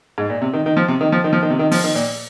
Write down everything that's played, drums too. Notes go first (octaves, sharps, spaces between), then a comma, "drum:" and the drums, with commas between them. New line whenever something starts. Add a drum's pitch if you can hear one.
G#2
A#2
C3
D#3
D#3
F3
C3
D#3
F3
D#3
F3
D#3
C3
D#3
F3, drum: open hi-hat
D#3
A#2